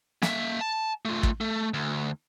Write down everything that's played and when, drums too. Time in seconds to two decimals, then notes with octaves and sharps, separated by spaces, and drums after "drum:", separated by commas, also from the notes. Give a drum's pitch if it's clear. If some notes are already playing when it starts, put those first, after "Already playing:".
0.22 A#3 E5, drum: snare
0.61 A5
1.05 A3 F4
1.23 drum: kick
1.41 A3
1.74 D2